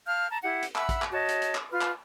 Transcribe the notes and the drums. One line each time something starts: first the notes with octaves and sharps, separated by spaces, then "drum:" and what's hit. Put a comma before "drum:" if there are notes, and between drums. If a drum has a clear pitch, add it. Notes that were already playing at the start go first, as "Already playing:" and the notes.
F5 A5 F6 G6
A5 A#5
E4 G4 F#5
drum: hi-hat
E5 F#5 B5 E6, drum: clap
drum: kick, hi-hat
drum: clap
F#4 C#5 D#5 A5
drum: hi-hat
drum: hi-hat
drum: clap
F4 B4 F6
drum: clap